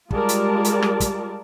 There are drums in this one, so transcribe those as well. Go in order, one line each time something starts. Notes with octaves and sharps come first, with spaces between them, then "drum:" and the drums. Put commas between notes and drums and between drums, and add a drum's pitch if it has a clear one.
G3 G#3 F4 A#4 D5 A5, drum: kick
drum: hi-hat
drum: hi-hat
drum: rim click
drum: kick, hi-hat